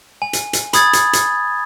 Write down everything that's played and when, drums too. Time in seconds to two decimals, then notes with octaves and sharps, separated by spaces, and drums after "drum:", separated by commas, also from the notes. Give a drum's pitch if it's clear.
0.22 G#5
0.33 drum: hi-hat
0.53 drum: hi-hat
0.73 B5 D#6 G#6 A6, drum: hi-hat
0.93 drum: hi-hat
1.13 drum: hi-hat